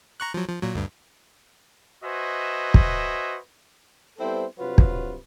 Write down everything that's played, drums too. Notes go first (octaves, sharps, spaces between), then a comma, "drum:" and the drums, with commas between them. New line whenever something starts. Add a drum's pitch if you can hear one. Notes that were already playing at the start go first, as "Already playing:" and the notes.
A#5 C#6 F#6
F3 F#3
F3
A#2 F#3
D2 G2
F#4 B4 C5 D#5 E5 G#5
drum: kick
G3 B3 C4 E4 A4 C5
G2 C3 F#3 F4 B4
drum: kick